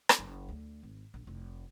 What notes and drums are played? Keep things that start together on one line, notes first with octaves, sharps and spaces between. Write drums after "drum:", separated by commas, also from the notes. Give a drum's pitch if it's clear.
drum: rim click
F#1 E4
D2
G#1
A#1
F1 E4